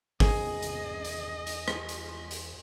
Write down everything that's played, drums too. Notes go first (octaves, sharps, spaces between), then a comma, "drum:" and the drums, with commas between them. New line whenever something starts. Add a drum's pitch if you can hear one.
E2 G#4 D#5, drum: kick, open hi-hat
drum: hi-hat
drum: hi-hat
drum: hi-hat
drum: rim click
drum: hi-hat
drum: hi-hat